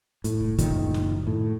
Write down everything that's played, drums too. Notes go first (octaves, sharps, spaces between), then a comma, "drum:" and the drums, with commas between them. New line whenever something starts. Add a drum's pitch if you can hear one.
A2, drum: hi-hat
drum: kick
F#1 A#2 D#3 F3, drum: hi-hat
drum: snare
A2